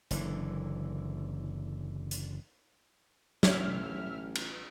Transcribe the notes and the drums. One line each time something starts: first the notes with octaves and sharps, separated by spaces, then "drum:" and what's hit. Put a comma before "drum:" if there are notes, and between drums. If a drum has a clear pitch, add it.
F#1 D3 E3, drum: hi-hat
drum: hi-hat
A1 E5 F6, drum: snare
drum: cymbal